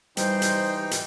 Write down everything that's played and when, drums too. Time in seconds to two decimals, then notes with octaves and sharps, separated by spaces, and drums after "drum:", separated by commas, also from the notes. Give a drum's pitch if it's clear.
0.17 E3 G3 D#4 C5 G5, drum: hi-hat
0.42 drum: hi-hat
0.91 drum: hi-hat